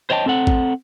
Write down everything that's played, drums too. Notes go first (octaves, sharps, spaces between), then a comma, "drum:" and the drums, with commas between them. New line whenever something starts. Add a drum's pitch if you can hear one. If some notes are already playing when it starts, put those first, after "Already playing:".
C5 C#5 D#5 G5 A5
C4 A4 F#5
drum: kick A1